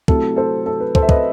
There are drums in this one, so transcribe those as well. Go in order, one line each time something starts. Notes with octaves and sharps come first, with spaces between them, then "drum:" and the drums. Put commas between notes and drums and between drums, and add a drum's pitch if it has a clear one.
C3 F#3 A3 E4 A4, drum: kick
A4 C5
A4
B4
A4 C5, drum: kick
E5
B4 D#5, drum: kick